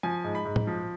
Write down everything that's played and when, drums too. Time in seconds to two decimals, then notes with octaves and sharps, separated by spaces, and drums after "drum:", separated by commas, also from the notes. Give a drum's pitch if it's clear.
0.03 F3 G#5
0.24 G#2
0.35 B5
0.45 G#2
0.56 drum: tom
0.67 F3